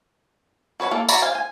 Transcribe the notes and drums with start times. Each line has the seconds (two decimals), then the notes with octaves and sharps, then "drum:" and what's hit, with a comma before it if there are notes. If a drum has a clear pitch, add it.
0.80 F#4 B4 C#5 B5
0.91 A#3 A4
1.09 F#4 C#5 D5 A#5 B5, drum: tambourine
1.22 C5 F5 G#5
1.35 G#5